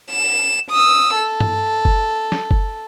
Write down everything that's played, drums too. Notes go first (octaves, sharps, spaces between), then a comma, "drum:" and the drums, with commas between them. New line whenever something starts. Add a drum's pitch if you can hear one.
E7
D#6 E6
A4
drum: tom G2
drum: kick F#1
drum: snare
drum: kick F#1